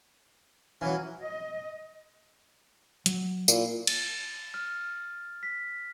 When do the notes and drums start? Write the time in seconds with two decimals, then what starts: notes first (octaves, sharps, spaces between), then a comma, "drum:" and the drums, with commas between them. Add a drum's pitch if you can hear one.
0.81 E3 F#3 C#4 F5 G#5
1.24 D#5
3.06 F#3, drum: hi-hat
3.48 A#2 E4 F5, drum: tambourine
3.87 A6, drum: cymbal
4.54 F6
5.43 B6